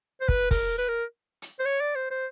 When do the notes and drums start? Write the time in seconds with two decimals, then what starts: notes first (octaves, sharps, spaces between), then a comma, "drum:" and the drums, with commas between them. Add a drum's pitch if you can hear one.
0.21 C5
0.29 B4, drum: kick
0.51 A#4, drum: kick, open hi-hat
0.78 B4
0.88 A#4
1.42 drum: hi-hat
1.59 C5
1.65 C#5
1.80 D5
1.95 C5
2.11 C5